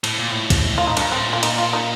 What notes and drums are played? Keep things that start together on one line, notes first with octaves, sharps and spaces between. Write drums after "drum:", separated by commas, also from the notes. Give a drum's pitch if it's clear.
A2, drum: cymbal
A#2
A2
drum: kick, cymbal
F4
D#4
G2 D4, drum: cymbal
A2 C4
A#2
F4
D#4, drum: cymbal
F4
D#4